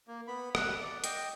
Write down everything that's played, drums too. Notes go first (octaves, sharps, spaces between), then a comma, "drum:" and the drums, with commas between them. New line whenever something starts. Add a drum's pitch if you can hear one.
A#3
B3 B5
F#5, drum: rim click
D5
D#5 G5, drum: hi-hat